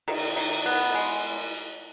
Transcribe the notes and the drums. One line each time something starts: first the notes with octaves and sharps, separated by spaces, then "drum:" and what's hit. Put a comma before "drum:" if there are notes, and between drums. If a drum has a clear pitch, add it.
D#3, drum: cymbal
D#3
B3
G#3